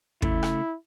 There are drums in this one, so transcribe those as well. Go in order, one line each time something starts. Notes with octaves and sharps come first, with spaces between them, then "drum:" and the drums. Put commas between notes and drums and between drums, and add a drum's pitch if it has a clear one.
C#3 A3 E4, drum: kick
drum: rim click